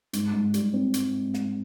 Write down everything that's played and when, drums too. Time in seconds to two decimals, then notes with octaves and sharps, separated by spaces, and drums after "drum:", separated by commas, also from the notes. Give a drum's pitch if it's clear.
0.13 G#2, drum: hi-hat
0.33 G#2
0.54 G3, drum: hi-hat
0.74 C4
0.94 drum: hi-hat
1.34 drum: snare